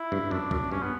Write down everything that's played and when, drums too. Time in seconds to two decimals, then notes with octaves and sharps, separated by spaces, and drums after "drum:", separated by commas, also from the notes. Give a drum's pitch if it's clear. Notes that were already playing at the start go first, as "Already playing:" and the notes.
Already playing: E4
0.12 G2
0.31 F#2 D4
0.51 F#2, drum: kick C2
0.71 G2 C#4
0.82 B3